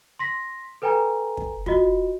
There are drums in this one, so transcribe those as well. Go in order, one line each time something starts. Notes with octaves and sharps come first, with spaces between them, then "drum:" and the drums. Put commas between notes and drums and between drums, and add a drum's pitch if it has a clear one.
C6 A#6 B6
A4 B4 G5 G#5 A#5
drum: kick
F4 F#4 D#5, drum: kick